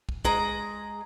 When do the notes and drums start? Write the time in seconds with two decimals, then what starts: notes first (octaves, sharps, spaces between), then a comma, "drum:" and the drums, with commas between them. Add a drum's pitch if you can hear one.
0.09 drum: kick
0.25 G#3 G#4 A#5, drum: kick